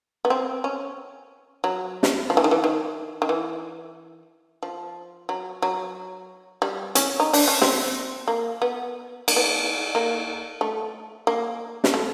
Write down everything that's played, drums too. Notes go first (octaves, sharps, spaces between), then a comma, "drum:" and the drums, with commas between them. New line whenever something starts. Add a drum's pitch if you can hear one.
B3
C4
C#4
F#3
drum: snare
F3
E3
D#3
E3
D#3
D#3
E3
F3
F#3
F#3
G3
C#4, drum: hi-hat
D#4
D4, drum: open hi-hat
C#4
C4, drum: snare
A#3
B3
A#3, drum: cymbal
B3
A#3
A#3
A3
A#3
drum: snare
A3